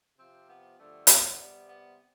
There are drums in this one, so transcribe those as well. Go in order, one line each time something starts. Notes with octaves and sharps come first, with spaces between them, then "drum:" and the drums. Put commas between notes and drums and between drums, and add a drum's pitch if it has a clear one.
C3 F3 C4
B3
G2 D3 F3 A3
B3, drum: hi-hat
C3 G3
B3